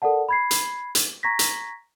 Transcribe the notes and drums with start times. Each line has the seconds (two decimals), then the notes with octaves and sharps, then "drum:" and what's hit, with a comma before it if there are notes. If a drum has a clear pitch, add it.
0.02 A4 A#4 D5 F#5 A5
0.29 B5 G#6 C7
0.51 drum: hi-hat
0.95 drum: hi-hat
1.23 A#5 C#6 G#6 A#6 B6
1.39 drum: hi-hat